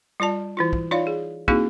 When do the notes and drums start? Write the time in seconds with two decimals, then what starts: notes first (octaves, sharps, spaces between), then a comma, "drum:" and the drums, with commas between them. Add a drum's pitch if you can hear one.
0.20 G3 F4 D5 A5
0.57 E3 E4 F4
0.73 drum: kick
0.91 D#4 F4 C#5 D5 F5
1.07 G#4
1.48 A#3 C4 D#4 E4 F#4 G#4, drum: kick